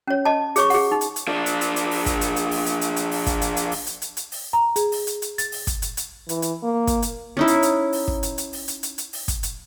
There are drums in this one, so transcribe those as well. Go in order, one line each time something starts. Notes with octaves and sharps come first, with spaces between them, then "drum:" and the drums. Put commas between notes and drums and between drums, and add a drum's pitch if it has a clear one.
C#4 C#5
D#5 A5
G#4 C#5 C#6, drum: hi-hat
G#4 F#5, drum: open hi-hat
D#4
drum: hi-hat
drum: hi-hat
F3 D4
drum: hi-hat
drum: hi-hat
drum: hi-hat
drum: open hi-hat
drum: kick, hi-hat
drum: hi-hat
drum: hi-hat
drum: open hi-hat
drum: hi-hat
drum: hi-hat
drum: hi-hat
drum: open hi-hat
drum: kick, hi-hat
drum: hi-hat
drum: hi-hat
drum: open hi-hat
drum: hi-hat
drum: hi-hat
drum: hi-hat
drum: open hi-hat
A#5
G#4, drum: hi-hat
drum: open hi-hat
drum: hi-hat
drum: hi-hat
A6, drum: hi-hat
drum: open hi-hat
drum: kick, hi-hat
drum: hi-hat
drum: hi-hat
E3, drum: hi-hat
drum: hi-hat
A#3
drum: kick, hi-hat
drum: hi-hat
C#4 D#4 E4
drum: hi-hat
drum: hi-hat
drum: open hi-hat
drum: kick
drum: hi-hat
drum: hi-hat
drum: open hi-hat
drum: hi-hat
drum: hi-hat
drum: hi-hat
drum: open hi-hat
drum: kick, hi-hat
drum: hi-hat